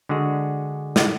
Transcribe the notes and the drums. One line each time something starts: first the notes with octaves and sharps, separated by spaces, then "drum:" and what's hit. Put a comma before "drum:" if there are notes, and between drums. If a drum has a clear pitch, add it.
D3 G#3 D4 F#4 G#4
drum: snare